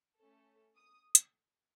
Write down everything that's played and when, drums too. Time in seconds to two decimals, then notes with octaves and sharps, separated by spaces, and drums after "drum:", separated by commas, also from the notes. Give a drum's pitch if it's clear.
0.17 A3 C#4 A4
0.75 D#6
1.15 drum: hi-hat